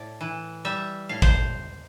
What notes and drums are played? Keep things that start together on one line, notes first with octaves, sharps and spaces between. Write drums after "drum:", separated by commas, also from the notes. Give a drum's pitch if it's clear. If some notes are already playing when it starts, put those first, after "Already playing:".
Already playing: A2 D5
E3
G3 E5
A2 F5
C5, drum: kick G#1